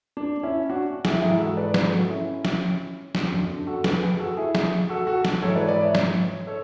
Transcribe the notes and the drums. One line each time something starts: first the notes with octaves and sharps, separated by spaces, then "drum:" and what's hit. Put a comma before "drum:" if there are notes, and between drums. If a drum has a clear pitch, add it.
D4
C#4 E4
D4 F#4
E4 G#4, drum: snare
G#2 E3 E4 G#4
F#4 A4
B4 D5
G#4 B4, drum: snare
F#4 A4
C#4 E4
drum: snare
drum: snare
F#2 D3 D4
D4
F#4 A4
G#4 B4, drum: snare
G#4 B4
F#4 A4
E4 G#4
drum: snare
F#4 A4
F#4 A4
drum: snare
G#2 E3 A4 C#5
B4 D5
B4 D5
C#5 E5
drum: snare
A4 C#5